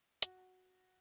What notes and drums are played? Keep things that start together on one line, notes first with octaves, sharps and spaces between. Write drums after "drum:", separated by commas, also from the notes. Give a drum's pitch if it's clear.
F#4, drum: hi-hat